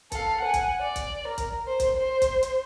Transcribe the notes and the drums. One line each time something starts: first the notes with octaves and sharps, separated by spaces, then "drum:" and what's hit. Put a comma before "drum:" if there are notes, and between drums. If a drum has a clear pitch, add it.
A4 F5, drum: kick, hi-hat
F#5 G#5
drum: kick, hi-hat
D5
drum: kick, hi-hat
A#4
drum: kick, hi-hat
C5
drum: kick, hi-hat
C5
drum: kick, hi-hat
drum: hi-hat